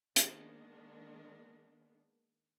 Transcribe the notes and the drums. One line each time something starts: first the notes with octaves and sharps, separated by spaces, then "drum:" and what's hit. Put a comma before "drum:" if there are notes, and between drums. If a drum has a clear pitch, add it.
D#3 G#3 A#3 B3 D4, drum: hi-hat